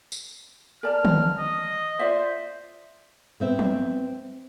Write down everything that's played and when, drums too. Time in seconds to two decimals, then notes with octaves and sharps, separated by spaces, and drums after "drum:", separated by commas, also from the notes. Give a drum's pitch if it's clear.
0.12 drum: tambourine
0.83 A#4 D5 A5 F6
1.05 drum: tom
1.39 D#5
1.99 F4 C5 D5 E5
3.40 B3 C4 E5
3.59 drum: tom